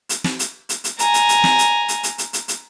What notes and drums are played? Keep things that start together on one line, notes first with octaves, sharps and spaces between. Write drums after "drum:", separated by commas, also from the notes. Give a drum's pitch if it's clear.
drum: hi-hat
drum: snare
drum: hi-hat
drum: hi-hat
drum: hi-hat
G#5 A#5, drum: hi-hat
drum: hi-hat
drum: hi-hat
drum: snare
drum: hi-hat
drum: hi-hat
drum: hi-hat
drum: hi-hat
drum: hi-hat
drum: hi-hat